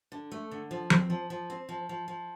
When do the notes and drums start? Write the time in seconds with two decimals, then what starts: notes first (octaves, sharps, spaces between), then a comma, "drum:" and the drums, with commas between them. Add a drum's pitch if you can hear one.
0.12 D3
0.32 A3
0.51 D3
0.71 F3
0.90 C4, drum: tom F3
1.10 F3
1.30 F3
1.50 C4
1.69 F3
1.89 F3
2.08 F3